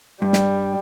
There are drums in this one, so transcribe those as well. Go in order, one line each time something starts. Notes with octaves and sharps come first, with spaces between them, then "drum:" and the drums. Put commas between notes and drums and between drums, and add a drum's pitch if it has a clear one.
G2 G3
drum: snare